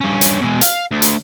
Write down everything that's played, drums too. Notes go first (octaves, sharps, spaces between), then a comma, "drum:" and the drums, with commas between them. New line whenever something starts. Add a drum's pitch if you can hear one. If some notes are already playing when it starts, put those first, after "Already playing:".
G2 C#4
drum: hi-hat
B2 G#3
F5, drum: hi-hat
D2
drum: hi-hat